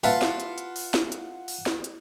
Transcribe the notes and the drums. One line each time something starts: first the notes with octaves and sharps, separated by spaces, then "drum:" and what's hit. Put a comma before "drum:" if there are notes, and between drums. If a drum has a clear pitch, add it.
F4 B4 E5 F#5 A5, drum: open hi-hat
drum: snare
drum: hi-hat
drum: hi-hat
drum: open hi-hat
drum: snare
drum: hi-hat
drum: open hi-hat
drum: snare
drum: hi-hat